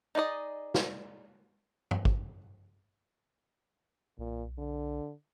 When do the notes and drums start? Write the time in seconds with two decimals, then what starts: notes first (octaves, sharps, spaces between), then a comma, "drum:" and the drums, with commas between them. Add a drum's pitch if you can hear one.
0.15 D#4 G#4 D5 D#5
0.74 drum: snare
1.91 drum: tom
2.05 drum: kick G#1
4.19 B1 A#2
4.58 D3